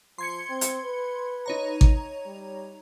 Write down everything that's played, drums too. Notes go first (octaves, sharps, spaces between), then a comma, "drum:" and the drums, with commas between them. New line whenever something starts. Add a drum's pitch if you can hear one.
F3 C6 G#6 C#7
C4
drum: hi-hat
B4
D#4 C#5 A#5
drum: kick G#1
G3